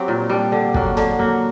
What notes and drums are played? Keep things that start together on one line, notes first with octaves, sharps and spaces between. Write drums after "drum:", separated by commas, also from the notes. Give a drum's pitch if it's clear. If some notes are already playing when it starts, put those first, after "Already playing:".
Already playing: F#3 C4 G4
A#2
G3 D4
D3
F#3 A#3 D4, drum: kick
D3, drum: tom
F#3 A#3 F#4